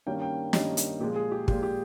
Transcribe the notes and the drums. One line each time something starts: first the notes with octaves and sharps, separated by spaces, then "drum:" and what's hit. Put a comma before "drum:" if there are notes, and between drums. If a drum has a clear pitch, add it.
G2 D#3 G3 A#3 C#4 G5
G5
G2 D#3 G3 A#3 C#4 D#5, drum: snare
drum: hi-hat
A#2 F3 G#3 G4
G#4
G4
A#2 F3 G#3 G4, drum: kick
G4